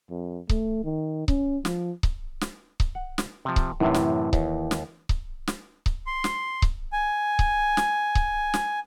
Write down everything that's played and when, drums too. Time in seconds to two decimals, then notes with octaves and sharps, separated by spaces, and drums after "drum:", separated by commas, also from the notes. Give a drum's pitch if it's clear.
0.10 F2
0.49 A3, drum: kick C#1
0.84 D#3
1.28 C#4, drum: kick C#1
1.65 F3, drum: snare
2.03 drum: kick C#1
2.41 drum: snare
2.80 drum: kick C#1
2.95 F#5
3.18 drum: snare
3.45 C3 F3
3.56 drum: kick C#1
3.80 F#2 A2 C3 E3
3.94 drum: snare
4.33 D#2, drum: kick C#1
4.71 drum: snare
5.09 drum: kick C#1
5.47 drum: snare
5.86 drum: kick C#1
6.07 C6
6.24 drum: snare
6.62 drum: kick C#1
6.93 G#5
7.39 drum: kick C#1
7.77 drum: snare
8.15 drum: kick C#1
8.54 drum: snare